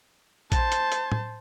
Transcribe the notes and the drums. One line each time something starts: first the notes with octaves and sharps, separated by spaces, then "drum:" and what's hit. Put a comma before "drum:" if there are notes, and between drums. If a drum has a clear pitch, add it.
C5 A5, drum: kick A#1, hi-hat
drum: hi-hat
drum: hi-hat
drum: tom